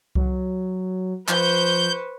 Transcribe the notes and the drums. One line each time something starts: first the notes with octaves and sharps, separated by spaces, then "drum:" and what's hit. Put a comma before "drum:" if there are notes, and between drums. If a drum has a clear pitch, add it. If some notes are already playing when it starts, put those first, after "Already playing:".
F#3, drum: kick C2
F3 B4 C5 C#6 G6, drum: clap